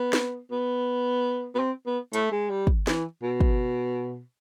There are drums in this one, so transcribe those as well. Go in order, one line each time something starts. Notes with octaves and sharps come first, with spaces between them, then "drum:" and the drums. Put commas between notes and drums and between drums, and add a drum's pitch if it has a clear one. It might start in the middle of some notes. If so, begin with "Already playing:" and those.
Already playing: B3
drum: snare
B3
B3
C4
B3
A3, drum: hi-hat
G#3
G3
drum: kick
E3, drum: snare
B2
drum: kick